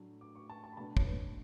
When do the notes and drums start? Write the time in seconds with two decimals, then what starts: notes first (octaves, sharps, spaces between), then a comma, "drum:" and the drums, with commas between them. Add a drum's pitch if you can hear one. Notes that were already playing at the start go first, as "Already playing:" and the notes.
Already playing: A2 F#3 A3 D4
0.21 D6
0.36 C#6
0.50 A5
0.64 A5
0.72 B5
0.77 B2 A3 D4 A5
0.97 C#5, drum: kick
1.05 B4